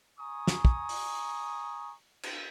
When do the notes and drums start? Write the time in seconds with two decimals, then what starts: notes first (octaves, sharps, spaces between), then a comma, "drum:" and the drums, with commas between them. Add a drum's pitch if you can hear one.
0.19 G#5 A#5 C#6 D#6
0.47 drum: snare
0.65 drum: kick
0.89 drum: open hi-hat
2.23 drum: cymbal